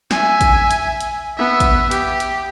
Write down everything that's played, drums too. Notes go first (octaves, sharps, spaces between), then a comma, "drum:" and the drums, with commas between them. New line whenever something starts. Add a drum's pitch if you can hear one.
E5 G#5, drum: snare
drum: kick A1, hi-hat
drum: hi-hat
drum: hi-hat
B3 E5
drum: kick A1, hi-hat
G4, drum: hi-hat
drum: hi-hat